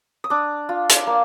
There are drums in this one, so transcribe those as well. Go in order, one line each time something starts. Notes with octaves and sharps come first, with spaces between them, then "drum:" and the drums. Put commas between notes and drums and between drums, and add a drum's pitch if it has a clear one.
D#6
D4 D6
F4
drum: hi-hat
A#3